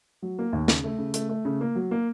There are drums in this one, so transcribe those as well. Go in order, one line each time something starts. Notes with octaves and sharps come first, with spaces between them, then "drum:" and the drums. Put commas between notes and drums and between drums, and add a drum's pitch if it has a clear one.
F#3
A#3
D#2
C#3, drum: snare
A3
C#3
A3, drum: hi-hat
A3
C#3
A#3
F#3
A#3